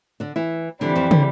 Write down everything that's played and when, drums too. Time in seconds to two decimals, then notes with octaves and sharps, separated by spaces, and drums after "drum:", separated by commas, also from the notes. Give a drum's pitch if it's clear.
0.20 D3 D4
0.36 E3 E4
0.81 D3 E3 G3 C4 D4
0.96 F2 F3
1.11 D3, drum: tom